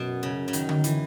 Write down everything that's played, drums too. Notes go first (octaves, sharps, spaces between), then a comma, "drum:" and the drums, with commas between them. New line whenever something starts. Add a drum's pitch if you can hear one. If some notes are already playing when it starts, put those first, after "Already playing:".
Already playing: F#2 B2
C#3
C#3
D#3, drum: hi-hat
drum: tom D3
E3, drum: hi-hat